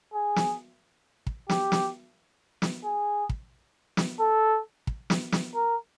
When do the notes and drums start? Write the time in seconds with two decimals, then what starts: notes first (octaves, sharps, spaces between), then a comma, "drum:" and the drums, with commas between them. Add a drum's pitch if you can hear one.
0.14 G#4
0.36 drum: snare
1.27 drum: kick
1.49 G4, drum: snare
1.72 drum: snare
2.62 drum: snare
2.85 G#4
3.29 drum: kick
3.97 drum: snare
4.19 A4
4.87 drum: kick
5.10 drum: snare
5.32 drum: snare
5.55 A#4